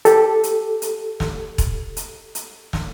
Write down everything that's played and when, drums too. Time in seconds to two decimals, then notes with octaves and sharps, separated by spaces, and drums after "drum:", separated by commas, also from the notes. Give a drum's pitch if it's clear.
0.05 G4 A4, drum: hi-hat
0.43 drum: hi-hat
0.82 drum: hi-hat
1.20 drum: snare
1.58 drum: kick E1, hi-hat
1.97 drum: hi-hat
2.35 drum: hi-hat
2.73 drum: snare